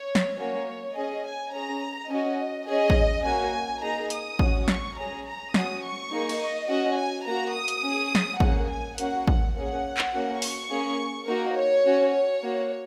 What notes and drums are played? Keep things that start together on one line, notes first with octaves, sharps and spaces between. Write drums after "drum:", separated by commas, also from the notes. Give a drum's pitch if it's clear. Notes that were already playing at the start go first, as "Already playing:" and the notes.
Already playing: C#5
drum: snare
A#3 C#4 F#4 C#5
C#4 G#4 D#5
G#5
C#4 G#4 A#5
C#4 F#4 D#5
C#4 G#4 D#5
drum: kick
A#3 C#4 F#4 G#5
A#3 D#4 G#4 A#5
D#6, drum: hi-hat
C#4 F#4, drum: kick
C#6, drum: snare
C#4 G#4 A#5
A#5
C#4 F#4 D#6, drum: snare
C#6
A#3 D#4 G#4
drum: cymbal
D#5
C#4 F#4 D#5
G#5
A#3 F#4 A#5
D#6
drum: hi-hat
C#4 G#4
drum: snare
A#3 C#4 G#4 F#5, drum: kick
G#5
A#3 C#4 F#4 F#5, drum: hi-hat
F#5, drum: kick
A#3 C#4 G#4 F#5
drum: clap
A#3 C#4 F#4
C#6, drum: open hi-hat
A#3 C#4 G#4
A#3 D#4 F#4 A#4
C#5
C#4 F#4
C#5
A#3 F#4